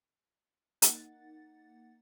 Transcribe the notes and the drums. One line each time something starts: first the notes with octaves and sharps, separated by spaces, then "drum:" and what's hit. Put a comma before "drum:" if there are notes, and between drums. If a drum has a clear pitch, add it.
A#3 D#4 F#5 A6, drum: hi-hat